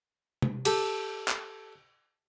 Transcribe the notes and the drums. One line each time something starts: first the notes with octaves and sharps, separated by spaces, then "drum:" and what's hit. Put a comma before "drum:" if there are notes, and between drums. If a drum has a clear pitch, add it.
drum: tom C3
G4 A4, drum: cymbal
drum: clap